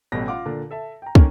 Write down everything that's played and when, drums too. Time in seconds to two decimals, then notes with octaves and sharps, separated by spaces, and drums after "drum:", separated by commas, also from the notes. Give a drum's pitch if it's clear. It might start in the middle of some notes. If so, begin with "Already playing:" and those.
0.12 A1 B2 G3 A3 A#6
0.28 F4 F5 F#5 D6
0.45 A#2 D3
0.71 A4 E5 A5
1.02 G5 A#5
1.15 D3 D#3 A#3 C#4, drum: kick